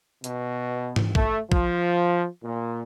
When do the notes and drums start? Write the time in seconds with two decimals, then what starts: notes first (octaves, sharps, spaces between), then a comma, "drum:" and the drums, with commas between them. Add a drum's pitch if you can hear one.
0.24 B2, drum: hi-hat
0.96 drum: tom G#2
1.15 A3, drum: kick
1.52 F3, drum: kick
2.44 A#2